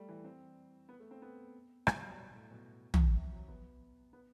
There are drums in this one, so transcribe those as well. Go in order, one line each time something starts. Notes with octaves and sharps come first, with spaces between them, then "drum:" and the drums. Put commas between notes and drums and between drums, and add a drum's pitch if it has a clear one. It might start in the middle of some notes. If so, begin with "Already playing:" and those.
Already playing: G3 A3
E3
C4
B3
A3
C4
B3
G3, drum: rim click
F#3
B2
A2
B2
drum: tom
C3
F#3
B3
B3